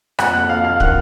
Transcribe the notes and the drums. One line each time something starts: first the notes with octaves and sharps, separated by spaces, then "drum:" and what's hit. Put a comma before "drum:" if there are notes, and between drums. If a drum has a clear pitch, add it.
F2 F#5 F#6, drum: rim click
F#5 F#6
F2 F5 F6
F5 F6
D#3 F#5 F#6, drum: kick